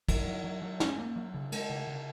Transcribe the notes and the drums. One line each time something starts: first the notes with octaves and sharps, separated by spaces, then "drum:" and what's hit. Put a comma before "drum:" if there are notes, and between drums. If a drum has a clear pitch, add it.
F#3, drum: kick, cymbal
F#3
F#3
F#3
C#4, drum: snare
A#3
F#3
C#3
G#3, drum: cymbal
C#3
C#3